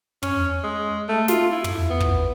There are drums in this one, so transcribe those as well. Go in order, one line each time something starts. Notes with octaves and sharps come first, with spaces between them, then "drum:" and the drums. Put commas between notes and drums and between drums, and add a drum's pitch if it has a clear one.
C#4, drum: tom
G#3
A3
F4, drum: snare
E4
drum: tom
B3
drum: kick